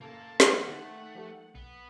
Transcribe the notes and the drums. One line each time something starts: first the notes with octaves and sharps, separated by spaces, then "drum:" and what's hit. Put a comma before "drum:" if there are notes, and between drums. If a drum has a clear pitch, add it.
F#1 A#2 A#3 A4 A5 G6 G#6
drum: snare
E3 A#3 E4 F#5 C#6
D#3 A3 C6 A6
F3 G4 A4
B1 B3